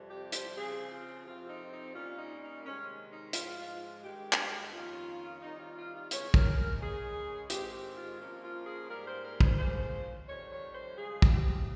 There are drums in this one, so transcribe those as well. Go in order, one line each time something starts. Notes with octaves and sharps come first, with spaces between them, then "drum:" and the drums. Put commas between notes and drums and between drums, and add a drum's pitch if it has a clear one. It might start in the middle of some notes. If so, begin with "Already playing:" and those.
Already playing: F2 C3 G3
G4
C5, drum: hi-hat
C#3 F3 C4 G#4
F4
F2 C3 F3 C4 F4
D#4
D#4
A#2 G3 A#3 C#4 F4
D#4
D#4
C3 D#3 G#3 C#4
D#4
G#2 F3 G#3 F4, drum: hi-hat
F4
G2 D#3 G#3 G4
drum: clap
F2 D#3 A#3 C#4 F4
C3 D#3 G3 D#4
F4
F4
F4
C#3 G#3 C4 C#5, drum: hi-hat
A#4, drum: kick
A#4
C#3 G#3 C#4 G#4
G#2 D#3 G#3 C4 G4, drum: hi-hat
G4
F4
A#2 F3 A#3 C#4 F4
F4
G#4
G#2 G3 A#3 A#4
C5
A#4
C5, drum: kick
F2 C#3 F3 G#3 C5
F2 D#3 G3 C#5
C#5
C5
C#3 F3 G#3 G#4
drum: kick
G4